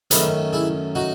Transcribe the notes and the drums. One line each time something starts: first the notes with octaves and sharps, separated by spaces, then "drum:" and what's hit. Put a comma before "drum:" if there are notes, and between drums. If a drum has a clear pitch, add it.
F#2 D#3 A3 C#4 G#4 B4, drum: hi-hat
E4 G#4
D#4 F#4